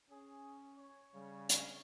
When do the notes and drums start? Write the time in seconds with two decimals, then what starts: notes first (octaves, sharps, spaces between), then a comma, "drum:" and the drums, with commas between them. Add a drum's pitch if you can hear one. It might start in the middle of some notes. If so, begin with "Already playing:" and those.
0.10 C#4 G#4
0.78 C#5
1.15 C#3 G3
1.49 C#4, drum: hi-hat